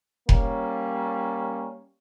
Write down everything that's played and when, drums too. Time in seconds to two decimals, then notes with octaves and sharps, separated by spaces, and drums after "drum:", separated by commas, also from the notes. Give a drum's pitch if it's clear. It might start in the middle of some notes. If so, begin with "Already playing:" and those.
0.29 G3 A#3 C#4, drum: kick F1